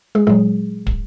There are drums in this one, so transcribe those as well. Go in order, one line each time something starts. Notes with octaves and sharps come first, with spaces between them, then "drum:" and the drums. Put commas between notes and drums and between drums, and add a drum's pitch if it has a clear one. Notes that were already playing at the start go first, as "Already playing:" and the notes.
G#3 G#4
A#2 F#3 G#3 G#4
drum: kick